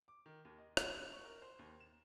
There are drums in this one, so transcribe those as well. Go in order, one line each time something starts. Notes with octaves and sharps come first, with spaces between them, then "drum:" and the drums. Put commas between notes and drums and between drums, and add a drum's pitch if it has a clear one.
D6
D#3
D#2
D#5
F#5, drum: rim click
D4
C#6
A#4
C5
D#2
E7